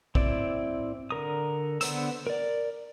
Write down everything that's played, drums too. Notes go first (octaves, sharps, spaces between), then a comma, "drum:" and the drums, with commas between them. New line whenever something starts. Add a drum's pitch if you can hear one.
C4 E4 D5, drum: kick
D3 A#4 D#6
D3 B3 C5 E6, drum: hi-hat
A#4 D5